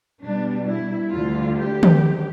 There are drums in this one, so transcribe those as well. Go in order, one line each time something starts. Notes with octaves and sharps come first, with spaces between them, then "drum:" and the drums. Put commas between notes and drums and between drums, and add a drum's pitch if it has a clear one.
B2 G3 D4
E4
D2 D3 G3 F4
G4
drum: tom